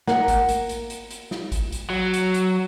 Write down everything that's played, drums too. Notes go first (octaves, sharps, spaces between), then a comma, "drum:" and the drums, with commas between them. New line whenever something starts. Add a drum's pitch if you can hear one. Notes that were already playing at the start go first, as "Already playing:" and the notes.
A#3 F#5, drum: snare
drum: kick G#1, hi-hat
drum: hi-hat
drum: hi-hat
drum: hi-hat
drum: hi-hat
drum: snare
drum: kick G#1, hi-hat
drum: hi-hat
F#3
drum: hi-hat
drum: hi-hat